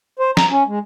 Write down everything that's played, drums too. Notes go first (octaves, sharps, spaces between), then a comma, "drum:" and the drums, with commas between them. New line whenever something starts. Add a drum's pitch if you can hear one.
C5
A#5, drum: snare
C#4
G#3